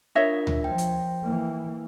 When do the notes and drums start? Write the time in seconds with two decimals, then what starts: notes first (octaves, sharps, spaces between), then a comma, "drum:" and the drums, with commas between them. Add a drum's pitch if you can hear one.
0.15 D4 F4 A#4 C#5 D#5 E5
0.47 drum: tom D2
0.64 F3 G5
0.78 drum: hi-hat
1.23 E3 A#3